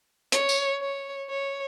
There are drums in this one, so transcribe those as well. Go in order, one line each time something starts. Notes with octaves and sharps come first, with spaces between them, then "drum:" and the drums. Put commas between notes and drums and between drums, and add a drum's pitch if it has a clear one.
C#5, drum: hi-hat
drum: tambourine
C#5
C#5